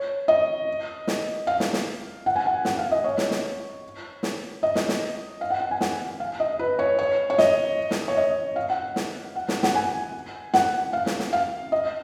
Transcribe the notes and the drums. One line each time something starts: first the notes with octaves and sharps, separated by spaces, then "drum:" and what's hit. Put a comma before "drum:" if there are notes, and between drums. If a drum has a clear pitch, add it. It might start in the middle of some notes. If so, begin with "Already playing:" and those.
Already playing: C#5
D#5
drum: snare
F5
drum: snare
drum: snare
F#5
G#5
F#5
F#5, drum: snare
F5
D#5
C#5
drum: snare
drum: snare
drum: snare
D#5
drum: snare
drum: snare
F5
F#5
F#5
G#5
F#5, drum: snare
F5
D#5
B4
C#5
C#5
C#5
D#5, drum: snare
drum: snare
C#5
D#5
F5
F#5
drum: snare
F#5
drum: snare
F#5, drum: snare
G#5
F#5, drum: snare
F5
drum: snare
drum: snare
F5
D#5